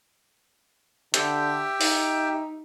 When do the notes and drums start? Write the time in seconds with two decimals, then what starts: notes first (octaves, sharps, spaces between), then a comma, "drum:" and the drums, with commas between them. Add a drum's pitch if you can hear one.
1.14 D3 G4 E5 G5, drum: hi-hat
1.81 D#4, drum: open hi-hat